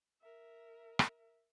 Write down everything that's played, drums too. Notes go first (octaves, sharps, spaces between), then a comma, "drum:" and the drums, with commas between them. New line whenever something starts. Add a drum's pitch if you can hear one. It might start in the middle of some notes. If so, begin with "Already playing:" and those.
A#4 E5
drum: rim click